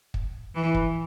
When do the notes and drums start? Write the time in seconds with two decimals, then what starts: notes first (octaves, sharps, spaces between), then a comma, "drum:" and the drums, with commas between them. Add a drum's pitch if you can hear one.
0.14 drum: kick
0.55 E3
0.74 drum: kick